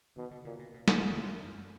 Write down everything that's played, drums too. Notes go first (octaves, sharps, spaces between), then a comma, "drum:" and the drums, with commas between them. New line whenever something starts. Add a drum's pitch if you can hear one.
B2 D#3
D3
A#2 C#3
B2
B2
F#2, drum: snare
E2
E2
F2
F#2